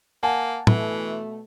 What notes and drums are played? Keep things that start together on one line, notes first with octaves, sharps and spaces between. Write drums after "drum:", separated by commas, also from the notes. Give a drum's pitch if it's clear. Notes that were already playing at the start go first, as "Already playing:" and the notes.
A#3 F#5 G#5 A5
B2 E3 A3, drum: tom